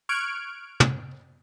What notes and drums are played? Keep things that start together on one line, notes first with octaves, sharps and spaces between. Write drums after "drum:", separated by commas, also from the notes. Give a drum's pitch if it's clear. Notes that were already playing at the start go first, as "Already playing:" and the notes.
C#6 F6 F#6 G#6 D7
drum: tom